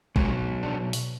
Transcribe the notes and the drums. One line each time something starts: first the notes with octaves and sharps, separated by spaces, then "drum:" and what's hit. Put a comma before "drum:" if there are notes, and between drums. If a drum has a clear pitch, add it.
B2 F#3 G#3, drum: kick G#1
D4
drum: open hi-hat